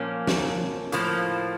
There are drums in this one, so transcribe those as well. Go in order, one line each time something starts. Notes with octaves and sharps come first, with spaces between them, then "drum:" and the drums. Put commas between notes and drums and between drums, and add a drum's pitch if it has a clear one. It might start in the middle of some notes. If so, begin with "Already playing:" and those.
Already playing: A#2 F3 A#3 C#4
drum: snare
A2 F3 A#3, drum: hi-hat